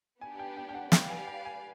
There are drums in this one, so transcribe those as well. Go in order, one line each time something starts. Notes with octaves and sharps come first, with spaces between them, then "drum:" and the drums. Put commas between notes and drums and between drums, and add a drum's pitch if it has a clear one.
B3 D4 G4 G#5
G5
G5
G5
F#5
G4 B4 D5 F5 G5, drum: snare
G#5
G5
G#5